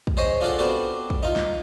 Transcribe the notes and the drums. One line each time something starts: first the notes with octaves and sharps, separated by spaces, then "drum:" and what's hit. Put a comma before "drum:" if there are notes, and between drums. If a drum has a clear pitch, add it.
drum: kick
G#4 C5 C#5 D#5
D4 F4 G#4 A4 D5 F#5
B3 C4 D4 F#4 G4 A4
drum: kick
D#4 F4
drum: snare